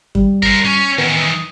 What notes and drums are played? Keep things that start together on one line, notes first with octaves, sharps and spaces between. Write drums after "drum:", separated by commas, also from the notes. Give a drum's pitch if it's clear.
G3, drum: kick F#2
A#4 C5, drum: kick F#2
C#4
D#3 E3 B3
D#6